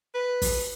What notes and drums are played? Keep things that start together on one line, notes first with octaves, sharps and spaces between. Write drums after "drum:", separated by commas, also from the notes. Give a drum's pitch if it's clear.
B4
drum: kick, open hi-hat